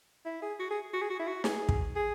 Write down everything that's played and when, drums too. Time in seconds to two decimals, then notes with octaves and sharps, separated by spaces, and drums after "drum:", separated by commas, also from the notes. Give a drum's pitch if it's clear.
0.25 E4
0.42 G#4
0.59 F#4
0.71 G#4
0.93 F#4
1.02 G#4
1.10 F#4
1.19 E4
1.28 F#4
1.44 G#4, drum: snare
1.69 drum: kick
1.96 G#4